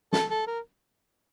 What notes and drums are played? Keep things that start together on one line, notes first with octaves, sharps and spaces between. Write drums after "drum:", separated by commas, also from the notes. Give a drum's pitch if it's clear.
A4, drum: snare
A4
A#4